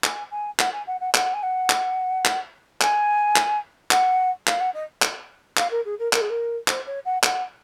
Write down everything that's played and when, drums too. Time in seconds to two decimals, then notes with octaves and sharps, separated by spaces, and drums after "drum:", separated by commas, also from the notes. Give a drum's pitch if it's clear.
0.04 G#5, drum: clap
0.31 G#5
0.59 F#5, drum: clap
0.73 G#5
0.87 F#5
1.00 F#5
1.14 F#5, drum: clap
1.34 G#5
1.42 F#5
1.70 drum: clap
2.25 drum: clap
2.81 G#5, drum: clap
3.36 drum: clap
3.91 F#5, drum: clap
4.47 F5, drum: clap
4.60 F#5
4.74 D#5
5.02 drum: clap
5.57 F5, drum: clap
5.71 A#4
5.85 G#4
5.99 A#4
6.13 A#4, drum: clap
6.21 G#4
6.29 A#4
6.68 C5, drum: clap
6.86 C#5
7.05 F#5
7.23 F#5, drum: clap